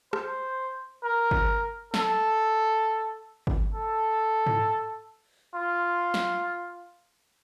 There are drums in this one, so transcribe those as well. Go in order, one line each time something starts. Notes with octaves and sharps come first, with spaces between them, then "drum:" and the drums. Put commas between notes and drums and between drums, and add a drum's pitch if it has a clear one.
C5, drum: rim click
A#4
drum: kick G1
A4, drum: snare
drum: kick G1
A4
drum: tom G#2
F4
drum: snare